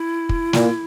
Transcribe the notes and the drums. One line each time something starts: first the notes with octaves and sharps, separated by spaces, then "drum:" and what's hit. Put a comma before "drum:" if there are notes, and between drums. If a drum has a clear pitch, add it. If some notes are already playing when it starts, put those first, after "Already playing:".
Already playing: E4
drum: kick
A#2, drum: snare